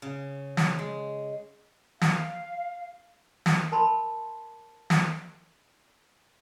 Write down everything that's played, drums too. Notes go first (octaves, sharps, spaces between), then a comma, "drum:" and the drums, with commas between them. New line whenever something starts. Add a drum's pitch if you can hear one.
C#3
drum: snare
G#3
F5, drum: snare
drum: snare
A#4 A5 B5 C6
drum: snare